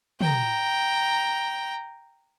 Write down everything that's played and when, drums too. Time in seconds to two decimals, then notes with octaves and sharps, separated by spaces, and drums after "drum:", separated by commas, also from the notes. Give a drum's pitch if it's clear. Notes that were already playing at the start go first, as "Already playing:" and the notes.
0.21 G5 A#5, drum: tom